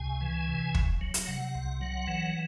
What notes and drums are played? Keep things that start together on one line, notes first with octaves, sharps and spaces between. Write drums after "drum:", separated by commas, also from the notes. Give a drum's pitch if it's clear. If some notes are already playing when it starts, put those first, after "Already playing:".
Already playing: C#2 C3 G#5
E3
C3
C#2, drum: kick
F#3
drum: hi-hat
C3 F#5
C2
F#3
E3